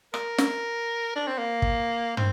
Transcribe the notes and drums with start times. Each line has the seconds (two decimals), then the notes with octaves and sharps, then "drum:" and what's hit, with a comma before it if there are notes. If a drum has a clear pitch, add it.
0.14 A#4, drum: rim click
0.38 drum: snare
1.16 D4
1.27 C4
1.38 A#3
1.62 drum: kick
2.17 C4, drum: tom